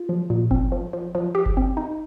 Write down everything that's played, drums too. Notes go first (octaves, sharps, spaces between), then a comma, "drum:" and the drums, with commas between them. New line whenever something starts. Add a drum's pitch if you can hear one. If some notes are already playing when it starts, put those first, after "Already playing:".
Already playing: F4
F3
A#2
C4, drum: kick F#1
F3
F3
F3
G4
drum: kick F#1
C4
D#4